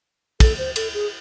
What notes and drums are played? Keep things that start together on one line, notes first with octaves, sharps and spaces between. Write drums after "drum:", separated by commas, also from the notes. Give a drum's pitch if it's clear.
A4, drum: kick, cymbal
C5
A4, drum: cymbal
G#4